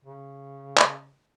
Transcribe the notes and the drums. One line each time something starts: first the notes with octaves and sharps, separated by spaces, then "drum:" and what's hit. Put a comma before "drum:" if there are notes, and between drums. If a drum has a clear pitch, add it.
C#3
drum: clap